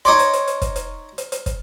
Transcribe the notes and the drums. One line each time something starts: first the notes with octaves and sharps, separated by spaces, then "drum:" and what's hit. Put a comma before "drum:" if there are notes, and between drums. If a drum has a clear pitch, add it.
D#4 C#5 D5 C6
drum: hi-hat
drum: hi-hat
drum: hi-hat
drum: kick, hi-hat
drum: hi-hat
drum: hi-hat
drum: hi-hat
drum: kick, hi-hat